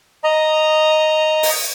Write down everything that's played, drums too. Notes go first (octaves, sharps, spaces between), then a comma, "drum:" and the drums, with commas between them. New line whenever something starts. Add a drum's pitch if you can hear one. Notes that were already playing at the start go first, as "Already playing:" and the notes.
D#5 A#5
drum: open hi-hat